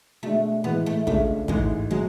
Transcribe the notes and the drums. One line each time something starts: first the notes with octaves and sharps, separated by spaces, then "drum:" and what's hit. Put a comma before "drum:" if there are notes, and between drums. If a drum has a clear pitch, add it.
B2 G#3 A3 D4
A2 E3 G#3 B3
A3
C#2 C#3 G#3 A3 D4, drum: kick
A1 G#2 E3 G#3, drum: kick
B2 F#3 G#3